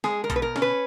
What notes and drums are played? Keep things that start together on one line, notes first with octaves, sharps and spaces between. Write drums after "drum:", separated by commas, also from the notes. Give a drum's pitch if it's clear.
G#3 G#4, drum: snare
A#4
B2, drum: kick, hi-hat
B4
A#4
C#4, drum: snare
B4